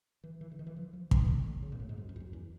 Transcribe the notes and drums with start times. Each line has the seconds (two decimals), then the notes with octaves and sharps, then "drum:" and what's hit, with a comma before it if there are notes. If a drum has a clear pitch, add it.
0.24 E3
0.41 E3
0.51 D3
0.59 D#3
0.67 E3
0.76 F3
0.93 F3
1.11 E3, drum: kick
1.28 D3
1.62 C#3
1.72 A#2
1.80 A2
1.89 G#2
1.98 F#2
2.09 F#2
2.16 F2
2.20 F#2
2.33 E2